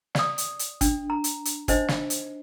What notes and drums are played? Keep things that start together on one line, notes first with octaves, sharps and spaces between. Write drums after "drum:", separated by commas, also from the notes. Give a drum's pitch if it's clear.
D5 D#6, drum: snare
drum: hi-hat
drum: hi-hat
D4, drum: kick, hi-hat
A#5
drum: hi-hat
drum: hi-hat
D4 D#4 C5 D#5, drum: kick, hi-hat
drum: snare
drum: hi-hat